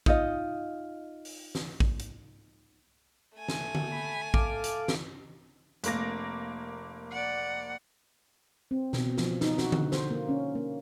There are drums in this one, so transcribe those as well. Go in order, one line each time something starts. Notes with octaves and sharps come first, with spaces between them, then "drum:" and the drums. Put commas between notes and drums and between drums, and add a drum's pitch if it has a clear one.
D#4 F4 D#5, drum: kick A1
drum: open hi-hat
drum: snare
drum: kick A1
drum: hi-hat
A3 G#5
drum: snare
drum: tom D3
B5
A4 F5 D6, drum: kick A1
drum: hi-hat
drum: snare
F1 A#3 A#6, drum: hi-hat
D5 F#5
C4
B2, drum: snare
F3, drum: snare
D#4, drum: snare
F#4, drum: snare
D3, drum: tom D3
C5, drum: snare
A#3
C#4
A#3